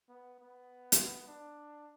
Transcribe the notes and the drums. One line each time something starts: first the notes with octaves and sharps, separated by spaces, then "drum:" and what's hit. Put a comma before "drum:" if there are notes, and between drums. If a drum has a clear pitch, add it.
B3
B3
drum: hi-hat
D4